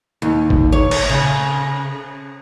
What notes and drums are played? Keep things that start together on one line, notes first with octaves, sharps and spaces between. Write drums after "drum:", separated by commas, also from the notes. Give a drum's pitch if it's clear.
D#2
drum: kick G#1
C#5
drum: cymbal
C#3